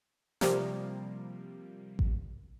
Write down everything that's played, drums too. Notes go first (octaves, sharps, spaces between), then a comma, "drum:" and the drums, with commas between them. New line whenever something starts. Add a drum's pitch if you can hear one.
C3 F3 G3 A#3, drum: snare
drum: kick A1